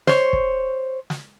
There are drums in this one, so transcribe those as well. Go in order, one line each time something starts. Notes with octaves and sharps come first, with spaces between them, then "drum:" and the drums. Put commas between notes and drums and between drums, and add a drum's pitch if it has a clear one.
C5 C#5, drum: snare
drum: kick
drum: snare